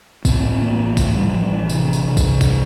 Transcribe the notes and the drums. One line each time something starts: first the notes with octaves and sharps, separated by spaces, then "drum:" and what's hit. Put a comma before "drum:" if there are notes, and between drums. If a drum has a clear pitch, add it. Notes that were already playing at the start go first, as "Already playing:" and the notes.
A2 C4, drum: kick, tambourine
C4
A1 A#3
A#3
A2 A3, drum: kick, tambourine
G3
E3
A1 F3
E3
C3, drum: tambourine
drum: tambourine
C3
drum: kick, tambourine
drum: kick, tambourine